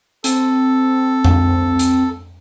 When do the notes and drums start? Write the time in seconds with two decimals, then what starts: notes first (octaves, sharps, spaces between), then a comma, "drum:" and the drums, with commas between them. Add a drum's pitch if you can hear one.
0.24 C4 A4, drum: hi-hat
1.24 drum: tom F2
1.79 drum: hi-hat